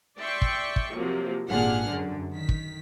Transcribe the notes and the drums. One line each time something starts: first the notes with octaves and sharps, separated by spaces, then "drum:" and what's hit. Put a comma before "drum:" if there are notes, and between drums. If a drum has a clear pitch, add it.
D5 E5 G5 C6 C#6
drum: kick
drum: kick
C3 F3 F#3 A#3
G#1 A#2 D4 G#4 F#5 F6
F#2 D3
D#3 B6
drum: kick